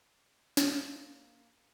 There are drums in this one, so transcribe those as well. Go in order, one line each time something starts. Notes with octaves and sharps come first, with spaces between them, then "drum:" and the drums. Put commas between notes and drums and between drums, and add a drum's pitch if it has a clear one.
A#3 G#5, drum: snare